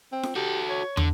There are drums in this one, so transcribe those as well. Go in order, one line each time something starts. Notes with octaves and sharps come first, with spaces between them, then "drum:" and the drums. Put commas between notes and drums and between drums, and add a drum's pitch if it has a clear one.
C4
drum: snare F4
F#4 G4 A4
C#5
D3, drum: tom